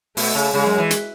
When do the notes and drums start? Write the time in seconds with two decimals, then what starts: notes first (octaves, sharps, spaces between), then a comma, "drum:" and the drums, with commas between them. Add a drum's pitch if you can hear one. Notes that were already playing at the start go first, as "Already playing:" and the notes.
0.17 B2 A3, drum: open hi-hat
0.35 C#3
0.53 C#3 G#3
0.66 F#2
0.78 E3
0.91 drum: hi-hat